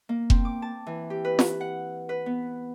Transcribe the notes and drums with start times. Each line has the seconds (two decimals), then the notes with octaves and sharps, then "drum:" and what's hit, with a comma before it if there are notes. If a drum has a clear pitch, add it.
0.09 A#3
0.30 C4, drum: kick F1
0.45 D6
0.62 A5
0.87 E3
1.10 G4
1.25 B4
1.39 drum: snare
1.61 F#5
2.09 B4
2.26 B3